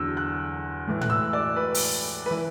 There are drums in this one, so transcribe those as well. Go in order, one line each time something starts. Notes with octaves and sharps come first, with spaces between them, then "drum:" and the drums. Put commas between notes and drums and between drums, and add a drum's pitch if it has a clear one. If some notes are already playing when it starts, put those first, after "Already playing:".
Already playing: E2 D3 F#3 E6
F#6
A2 E3
F#6, drum: tom A2
E6
D5
B4
drum: open hi-hat
B4
E3